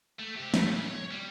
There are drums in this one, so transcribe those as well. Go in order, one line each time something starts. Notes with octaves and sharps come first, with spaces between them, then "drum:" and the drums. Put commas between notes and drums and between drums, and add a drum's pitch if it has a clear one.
A3
C3 G4
A3, drum: snare
A#2 C#3
C#5
G3